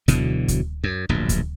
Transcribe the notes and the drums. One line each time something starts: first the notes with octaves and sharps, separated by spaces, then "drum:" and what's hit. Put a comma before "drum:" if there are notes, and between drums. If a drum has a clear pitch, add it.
B2 D3 E3 F#3, drum: kick D2, hi-hat
drum: kick D2, hi-hat
F#2
D1 A#1 G2
drum: kick D2, hi-hat